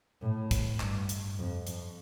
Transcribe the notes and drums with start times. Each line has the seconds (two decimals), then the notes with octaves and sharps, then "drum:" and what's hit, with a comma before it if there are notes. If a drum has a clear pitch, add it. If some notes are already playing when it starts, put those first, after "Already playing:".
0.21 A2
0.51 drum: kick, hi-hat
0.80 G2, drum: clap
1.09 drum: hi-hat
1.39 F2
1.67 F2, drum: hi-hat